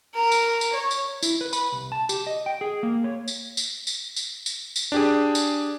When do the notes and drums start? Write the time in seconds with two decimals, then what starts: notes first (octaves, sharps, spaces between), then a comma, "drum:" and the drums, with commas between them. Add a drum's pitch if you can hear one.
0.14 A#4 A#5
0.32 drum: tambourine
0.61 drum: tambourine
0.72 C#5
0.91 drum: tambourine
1.23 E4, drum: tambourine
1.41 B4
1.53 B5, drum: tambourine
1.72 C2
1.92 A5
2.09 G4, drum: tambourine
2.27 D#5
2.46 G5
2.61 G#4
2.83 A#3
3.04 C#5
3.28 drum: tambourine
3.57 drum: tambourine
3.87 drum: tambourine
4.16 drum: tambourine
4.46 drum: tambourine
4.76 drum: tambourine
4.92 D4 G4 G#4
5.35 drum: tambourine